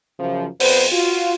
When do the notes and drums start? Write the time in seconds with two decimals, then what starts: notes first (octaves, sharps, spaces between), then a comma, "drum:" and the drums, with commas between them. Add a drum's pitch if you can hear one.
0.19 F#2 C#3 F3
0.60 F2 B3 B4 C5, drum: open hi-hat
0.93 F4 F#4